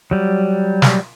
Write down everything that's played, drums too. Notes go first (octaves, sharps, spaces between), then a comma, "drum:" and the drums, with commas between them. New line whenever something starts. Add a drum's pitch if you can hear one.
F#3 G3
drum: snare